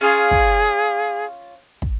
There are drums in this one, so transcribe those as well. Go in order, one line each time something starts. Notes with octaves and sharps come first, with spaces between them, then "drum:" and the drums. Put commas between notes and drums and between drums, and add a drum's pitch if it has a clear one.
C#4 F4 G#4 F5
drum: kick
drum: kick